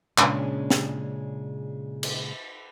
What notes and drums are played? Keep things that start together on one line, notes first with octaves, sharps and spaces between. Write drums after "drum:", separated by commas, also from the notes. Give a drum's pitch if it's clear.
A#2 C#3 G#3 C#4 D4, drum: clap
drum: snare
drum: cymbal